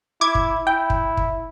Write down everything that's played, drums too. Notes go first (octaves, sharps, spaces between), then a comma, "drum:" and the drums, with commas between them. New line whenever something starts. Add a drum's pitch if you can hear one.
E4 D6 G#6
drum: kick
E4 G5
drum: kick
drum: kick